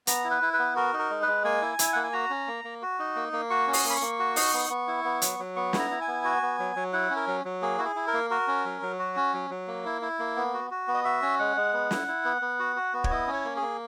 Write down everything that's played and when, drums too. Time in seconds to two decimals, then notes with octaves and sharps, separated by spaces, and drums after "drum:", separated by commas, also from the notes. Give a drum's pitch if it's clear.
0.07 B3 A#5, drum: hi-hat
0.25 E4
0.31 B4
0.42 E4
0.53 B4
0.59 B3
0.76 F#4 A#4
0.93 D#4
0.99 A#4
1.10 G#3
1.22 G#3 B4
1.44 A#3 G#5
1.62 E4
1.79 E4, drum: hi-hat
1.93 A#3 F#5
2.03 G#5
2.13 F#4 A#5
2.30 C#4
2.47 A#3
2.64 A#3
2.82 F#4
2.99 D#4
3.16 A#3
3.33 A#3
3.50 F#4 C#6
3.67 C#4
3.73 D#6, drum: open hi-hat
3.85 A#3
3.90 B5
3.96 C#6
4.01 A#3
4.19 F#4
4.36 D#4, drum: open hi-hat
4.53 B3
4.70 B3
4.88 E4
5.04 B3
5.22 F#3, drum: hi-hat
5.39 F#3
5.56 B3 C#6
5.73 E4, drum: snare
5.79 A#5
5.91 E4
6.01 G#5
6.08 B3
6.24 F#4
6.42 B3
6.59 F#3
6.76 F#3
6.93 E4 F#5
7.10 C#4
7.16 A#4
7.27 F#3
7.45 F#3
7.62 A#3 G#4
7.78 E4 F#4
7.85 G#4
7.96 E4
8.07 A#4
8.14 A#3
8.30 F#4 A#4
8.47 C#4
8.65 F#3
8.82 F#3
8.99 F#4
9.16 C#4
9.33 F#3
9.50 F#3
9.68 A#3
9.85 E4
10.02 E4
10.19 A#3
10.36 B3
10.54 F#4
10.71 F#4
10.88 B3
10.94 D#5
11.04 F#4 E5
11.22 C#4
11.39 G#3 F#5
11.57 G#3
11.73 B3
11.91 E4, drum: snare
12.08 E4
12.25 B3
12.42 B3
12.59 F#4
12.76 F#4
12.93 B3
13.04 C#5, drum: kick
13.10 E4 D#5
13.27 C#4
13.33 C#5
13.45 A#3
13.56 G#4
13.62 A#3